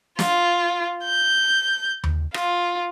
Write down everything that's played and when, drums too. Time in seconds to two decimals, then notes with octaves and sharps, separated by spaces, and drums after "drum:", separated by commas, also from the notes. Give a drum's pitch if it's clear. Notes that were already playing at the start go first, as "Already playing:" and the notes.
0.19 F4, drum: snare
1.04 G6
2.04 drum: tom D#2
2.34 F4, drum: rim click